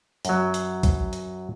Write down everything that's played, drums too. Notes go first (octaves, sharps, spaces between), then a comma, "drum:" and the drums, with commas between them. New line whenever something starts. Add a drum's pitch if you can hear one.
F#2 F#3, drum: hi-hat
drum: hi-hat
drum: kick A#1, hi-hat
drum: hi-hat